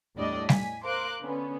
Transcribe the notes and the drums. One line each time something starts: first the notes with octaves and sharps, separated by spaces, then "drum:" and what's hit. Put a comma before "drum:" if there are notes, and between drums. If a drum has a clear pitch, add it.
E2 A2 G3 D4 D5 D#5
G#5 B6, drum: snare G3
A#4 C5 F5 C6 D6 F#6
D3 B3 C#4